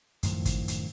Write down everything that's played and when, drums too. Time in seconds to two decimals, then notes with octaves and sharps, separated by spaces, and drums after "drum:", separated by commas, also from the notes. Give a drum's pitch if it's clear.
0.23 F#2 A2 D#3 F3, drum: hi-hat
0.45 drum: kick, hi-hat
0.68 drum: hi-hat